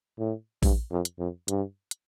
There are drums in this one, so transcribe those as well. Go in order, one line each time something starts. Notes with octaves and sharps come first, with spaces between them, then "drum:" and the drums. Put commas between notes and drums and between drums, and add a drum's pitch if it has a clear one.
A2
G2, drum: kick A#1, open hi-hat
F2
drum: hi-hat
F2
G2, drum: hi-hat
drum: hi-hat